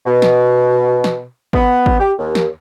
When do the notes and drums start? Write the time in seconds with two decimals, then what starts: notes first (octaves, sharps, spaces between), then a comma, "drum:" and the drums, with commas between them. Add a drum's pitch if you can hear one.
0.06 B2
0.22 drum: snare
1.04 drum: snare
1.53 B3, drum: kick G#1
1.86 drum: kick G#1
2.00 G4
2.18 D#2
2.35 drum: snare